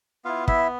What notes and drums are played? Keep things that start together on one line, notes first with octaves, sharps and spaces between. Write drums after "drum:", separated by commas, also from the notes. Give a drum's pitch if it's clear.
B3 E4 F4 F5
E4 E5, drum: kick